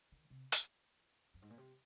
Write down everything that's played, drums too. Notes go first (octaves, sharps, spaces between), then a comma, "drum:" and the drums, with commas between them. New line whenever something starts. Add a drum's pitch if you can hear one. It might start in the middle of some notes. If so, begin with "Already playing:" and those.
D#3
C3
drum: hi-hat
F#2
G#2
A#2
C3